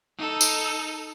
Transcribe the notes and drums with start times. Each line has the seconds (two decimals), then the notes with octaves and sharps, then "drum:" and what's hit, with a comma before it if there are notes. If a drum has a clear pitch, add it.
0.18 D#4 A4
0.41 drum: tambourine